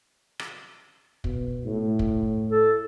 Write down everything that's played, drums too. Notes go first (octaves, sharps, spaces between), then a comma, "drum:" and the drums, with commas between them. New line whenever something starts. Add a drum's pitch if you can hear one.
drum: rim click
B2, drum: kick
A2
drum: kick
A4